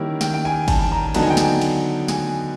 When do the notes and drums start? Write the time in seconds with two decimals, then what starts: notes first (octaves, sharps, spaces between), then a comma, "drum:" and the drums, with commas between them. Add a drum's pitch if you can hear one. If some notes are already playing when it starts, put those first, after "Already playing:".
Already playing: D#3 G3 A#3 C#4 E4
0.21 G5, drum: snare
0.34 G5
0.45 G#5
0.68 A5, drum: kick, cymbal
0.79 A5
0.92 A#5
1.14 D3 F#3 B3 D#4 A5, drum: cymbal
1.22 G#5
1.30 G5
1.37 G#5, drum: snare
1.62 drum: cymbal
2.08 G#5, drum: snare